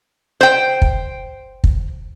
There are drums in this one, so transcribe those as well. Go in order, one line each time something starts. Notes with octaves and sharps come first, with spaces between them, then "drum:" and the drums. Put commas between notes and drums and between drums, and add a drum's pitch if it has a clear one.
C5 G5
drum: kick
drum: kick